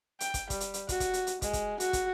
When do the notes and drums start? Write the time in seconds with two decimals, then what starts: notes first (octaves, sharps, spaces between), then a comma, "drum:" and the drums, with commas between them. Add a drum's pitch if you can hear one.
0.20 G5, drum: hi-hat
0.34 drum: kick, hi-hat
0.50 G3, drum: kick, hi-hat
0.60 drum: hi-hat
0.74 drum: hi-hat
0.89 F#4, drum: kick, hi-hat
1.00 drum: kick, hi-hat
1.14 drum: hi-hat
1.27 drum: hi-hat
1.42 G#3, drum: kick, hi-hat
1.53 drum: kick, hi-hat
1.80 F#4, drum: hi-hat
1.93 drum: kick, hi-hat